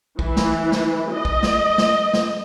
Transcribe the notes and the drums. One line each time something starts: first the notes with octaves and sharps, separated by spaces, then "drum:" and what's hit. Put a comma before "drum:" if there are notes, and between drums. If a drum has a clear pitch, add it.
E3, drum: kick
drum: snare
drum: snare
D#5
drum: kick
drum: snare
drum: snare
drum: snare